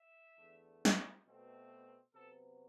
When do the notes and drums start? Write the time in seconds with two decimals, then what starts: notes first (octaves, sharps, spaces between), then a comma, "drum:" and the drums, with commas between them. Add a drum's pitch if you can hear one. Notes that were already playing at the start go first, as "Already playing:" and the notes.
Already playing: E5
0.38 E2 D3 A3
0.85 drum: snare
1.26 B2 A3 C4
2.14 C3 F#3 B3 A4